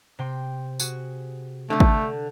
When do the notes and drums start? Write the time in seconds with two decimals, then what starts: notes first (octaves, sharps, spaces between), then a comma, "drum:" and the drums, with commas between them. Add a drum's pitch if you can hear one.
0.19 C3 G5 C6
0.80 F#4 G#4, drum: tambourine
1.70 D3 A3 D4 G6
1.80 drum: kick G#1